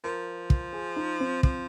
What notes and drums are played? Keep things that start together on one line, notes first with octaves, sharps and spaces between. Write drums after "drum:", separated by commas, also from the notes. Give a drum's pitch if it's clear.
F3 A#4
drum: kick
G#4
D#4
C4
F3, drum: kick